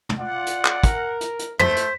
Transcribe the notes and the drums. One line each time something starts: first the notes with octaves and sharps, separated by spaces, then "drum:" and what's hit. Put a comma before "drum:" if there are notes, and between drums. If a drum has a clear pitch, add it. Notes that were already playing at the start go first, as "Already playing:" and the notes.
drum: tom
F4 D5 F#5
drum: hi-hat
drum: clap
A#4, drum: kick, hi-hat
drum: hi-hat
drum: hi-hat
A3 C5 B6, drum: tom
drum: hi-hat